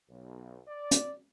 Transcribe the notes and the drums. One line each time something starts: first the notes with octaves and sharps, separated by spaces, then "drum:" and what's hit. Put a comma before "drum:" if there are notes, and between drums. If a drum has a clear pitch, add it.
B1
D5
drum: hi-hat